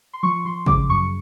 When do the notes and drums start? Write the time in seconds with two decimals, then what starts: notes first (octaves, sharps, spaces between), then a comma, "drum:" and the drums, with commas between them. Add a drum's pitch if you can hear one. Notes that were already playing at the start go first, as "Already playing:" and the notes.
0.13 C6
0.23 F3 C#6
0.45 F3 C6
0.66 C#3 D6, drum: kick
0.89 F#2 C#6